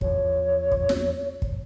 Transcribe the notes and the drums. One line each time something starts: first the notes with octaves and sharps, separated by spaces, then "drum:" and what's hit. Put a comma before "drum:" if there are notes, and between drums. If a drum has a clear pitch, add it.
E2 F3 C#5, drum: kick
drum: kick
drum: snare
drum: kick